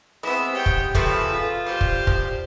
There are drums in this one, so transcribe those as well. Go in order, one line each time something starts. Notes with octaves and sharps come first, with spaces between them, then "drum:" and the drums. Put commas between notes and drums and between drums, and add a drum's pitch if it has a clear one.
E3 G#3 B3 C4 E5
G4 C#5 G5
drum: kick
A2 C#3 F3 B4 E5, drum: kick
F4
G3 G4 C5
drum: kick
F3, drum: kick